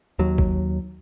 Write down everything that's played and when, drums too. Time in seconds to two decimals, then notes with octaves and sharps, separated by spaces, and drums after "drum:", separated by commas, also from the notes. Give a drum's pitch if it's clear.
0.19 D#2 F#3
0.38 drum: kick